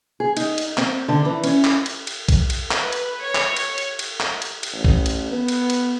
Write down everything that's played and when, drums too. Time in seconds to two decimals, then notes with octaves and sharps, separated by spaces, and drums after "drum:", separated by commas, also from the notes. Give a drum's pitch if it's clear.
0.20 G#4
0.37 D#4, drum: cymbal
0.58 drum: cymbal
0.78 C4, drum: clap
1.08 D3
1.25 E3
1.44 C#4, drum: cymbal
1.65 drum: clap
1.86 drum: cymbal
2.07 drum: cymbal
2.28 drum: kick A#1, cymbal
2.50 drum: cymbal
2.71 B4, drum: clap
2.92 drum: cymbal
3.22 C#5
3.35 drum: clap
3.56 drum: cymbal
3.78 drum: cymbal
3.99 drum: cymbal
4.20 drum: clap
4.42 drum: cymbal
4.63 drum: cymbal
4.72 A1
4.84 drum: kick A#1
5.06 drum: cymbal
5.32 B3
5.48 drum: cymbal
5.70 drum: cymbal